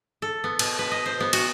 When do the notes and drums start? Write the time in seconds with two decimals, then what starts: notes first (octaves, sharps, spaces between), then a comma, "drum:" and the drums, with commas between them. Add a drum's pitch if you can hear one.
0.22 A4
0.44 B3
0.59 B2, drum: cymbal
0.79 B4
0.91 D#5
1.06 C5
1.20 B3
1.33 F#4, drum: cymbal